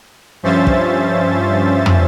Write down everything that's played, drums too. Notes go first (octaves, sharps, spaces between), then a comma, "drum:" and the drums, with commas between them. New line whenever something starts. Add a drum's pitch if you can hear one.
G2 F3 C#4 C5 E5 A6
drum: kick
drum: tom